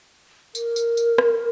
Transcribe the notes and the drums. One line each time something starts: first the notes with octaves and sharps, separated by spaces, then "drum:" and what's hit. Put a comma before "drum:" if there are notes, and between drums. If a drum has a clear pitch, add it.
A#4, drum: tambourine
drum: tambourine
drum: tambourine
drum: rim click